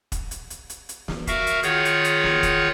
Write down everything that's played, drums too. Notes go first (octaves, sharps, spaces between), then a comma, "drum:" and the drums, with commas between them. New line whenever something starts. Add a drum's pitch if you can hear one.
drum: kick, hi-hat
drum: hi-hat
drum: hi-hat
drum: hi-hat
drum: hi-hat
drum: snare
F#4 A#4 E5 F5, drum: kick, hi-hat
drum: hi-hat
D#3 F4 G#4 C#5 F#5 G6, drum: hi-hat
drum: hi-hat
drum: hi-hat
drum: snare
drum: kick, hi-hat